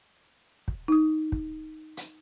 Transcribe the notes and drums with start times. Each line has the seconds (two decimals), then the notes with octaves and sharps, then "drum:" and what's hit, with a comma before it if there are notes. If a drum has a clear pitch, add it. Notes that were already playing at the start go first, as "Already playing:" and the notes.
0.68 drum: kick
0.88 D#4 D#6
1.32 drum: kick
1.97 drum: hi-hat